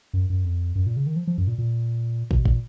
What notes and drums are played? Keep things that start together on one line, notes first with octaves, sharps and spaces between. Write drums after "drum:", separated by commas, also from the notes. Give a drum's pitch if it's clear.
F#2
F#2
F2
F#2
A#2
C#3
D#3
F3
F3
F#2
A#2
A#2
B2, drum: kick
A#2, drum: kick